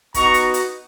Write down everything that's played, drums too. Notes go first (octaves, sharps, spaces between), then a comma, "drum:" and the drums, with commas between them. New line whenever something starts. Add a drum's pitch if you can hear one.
B3 D#4 F#4 A#5 C#6, drum: kick, hi-hat
drum: hi-hat
drum: hi-hat